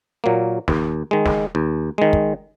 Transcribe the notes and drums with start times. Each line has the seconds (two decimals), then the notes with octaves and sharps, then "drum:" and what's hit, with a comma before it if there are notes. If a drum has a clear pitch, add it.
0.24 A#2 F#3 A#3
0.68 D#2, drum: snare
1.11 D#3 G#3
1.26 drum: snare
1.55 D#2
1.98 D#3 G#3
2.13 drum: kick